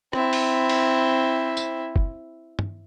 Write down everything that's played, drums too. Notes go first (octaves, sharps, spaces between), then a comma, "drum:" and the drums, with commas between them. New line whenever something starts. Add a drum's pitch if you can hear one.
C4 E4, drum: rim click
drum: open hi-hat
drum: cymbal
drum: tambourine
drum: kick
drum: tom